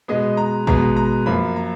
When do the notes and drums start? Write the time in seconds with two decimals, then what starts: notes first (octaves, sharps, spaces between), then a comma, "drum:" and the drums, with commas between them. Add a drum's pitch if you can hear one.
0.08 B2 G#3 B3 D#5
0.37 A#5
0.67 B2 G#3 B3 A#5, drum: kick
0.96 A#5
1.26 F#2 F3 A#3 B5
1.56 A#5